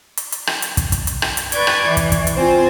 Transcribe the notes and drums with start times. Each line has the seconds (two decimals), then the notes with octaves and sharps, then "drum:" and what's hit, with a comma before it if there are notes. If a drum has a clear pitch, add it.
0.17 drum: hi-hat
0.32 drum: hi-hat
0.47 drum: rim click
0.62 drum: hi-hat
0.77 drum: kick, hi-hat
0.92 drum: kick, hi-hat
1.07 drum: hi-hat
1.22 drum: rim click
1.37 drum: hi-hat
1.52 B4 D5 C#6 G6 G#6, drum: hi-hat
1.67 drum: rim click
1.86 E3
1.97 drum: kick, hi-hat
2.12 drum: kick, hi-hat
2.27 drum: hi-hat
2.36 C4 F4 C5 G#5